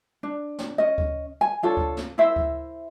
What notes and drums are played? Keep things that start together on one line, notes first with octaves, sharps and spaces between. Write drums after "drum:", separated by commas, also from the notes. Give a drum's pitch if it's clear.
D4
drum: snare
C#4 D#5
drum: kick D2
G#5
D4 F4 A4 C#5
drum: kick D2
drum: snare
E4 A#4 C5 E5
drum: kick D2